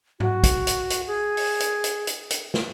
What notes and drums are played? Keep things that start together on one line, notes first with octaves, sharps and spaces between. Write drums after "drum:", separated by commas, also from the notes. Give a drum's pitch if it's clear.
F#4, drum: tom G#2
drum: kick, hi-hat
drum: hi-hat
drum: hi-hat
G#4
drum: open hi-hat
drum: hi-hat
drum: hi-hat
drum: hi-hat
drum: hi-hat
drum: snare